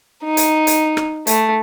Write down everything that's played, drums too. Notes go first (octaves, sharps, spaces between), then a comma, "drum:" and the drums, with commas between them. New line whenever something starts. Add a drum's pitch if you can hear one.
D#4
drum: hi-hat
drum: hi-hat
drum: rim click
A3, drum: hi-hat